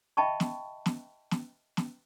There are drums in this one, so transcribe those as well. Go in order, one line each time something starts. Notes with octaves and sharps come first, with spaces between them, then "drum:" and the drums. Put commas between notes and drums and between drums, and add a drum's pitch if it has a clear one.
D#5 E5 G5 A5 B5 C#6
drum: snare
drum: snare
drum: snare
drum: snare